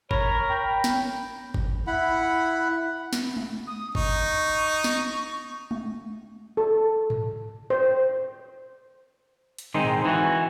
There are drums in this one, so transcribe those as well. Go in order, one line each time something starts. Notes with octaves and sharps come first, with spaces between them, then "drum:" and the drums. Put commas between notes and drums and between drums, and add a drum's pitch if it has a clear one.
A#4 C#5 B5, drum: kick G1
G5 B5
drum: snare
drum: kick G1
E4 F#5 B5
drum: snare
drum: tom G#3
D#6
D#4 C#6, drum: kick G1
drum: snare
drum: tom G#3
A4
drum: tom G#2
C5
drum: hi-hat
D#3 G#3 C4 D#4
drum: tom G#2
E3 F#4